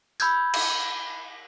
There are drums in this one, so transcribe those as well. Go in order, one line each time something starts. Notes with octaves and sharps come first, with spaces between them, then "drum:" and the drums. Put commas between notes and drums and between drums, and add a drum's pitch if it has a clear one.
B5 E6 G6 G#6, drum: tambourine
drum: cymbal